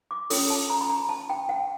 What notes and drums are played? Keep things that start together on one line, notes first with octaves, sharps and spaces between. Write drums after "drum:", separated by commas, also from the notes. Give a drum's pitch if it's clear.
D6
C#4 F4 A4 C#5 D#6, drum: open hi-hat
A5
A#5
B5
A#5
A5
G5
F#5